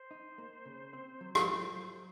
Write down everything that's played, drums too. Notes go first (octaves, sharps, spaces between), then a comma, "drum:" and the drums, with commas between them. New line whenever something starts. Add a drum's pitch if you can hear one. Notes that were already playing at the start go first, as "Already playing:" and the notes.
Already playing: C5
D#4
A#3
C#3
C4
F#3
drum: rim click
F4
F#3